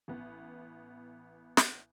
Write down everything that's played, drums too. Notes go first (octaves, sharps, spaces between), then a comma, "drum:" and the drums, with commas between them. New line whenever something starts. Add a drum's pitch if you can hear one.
A1 B3
drum: snare